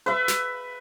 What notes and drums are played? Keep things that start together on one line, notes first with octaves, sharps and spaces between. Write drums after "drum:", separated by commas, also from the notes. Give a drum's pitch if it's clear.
B4 E5
drum: snare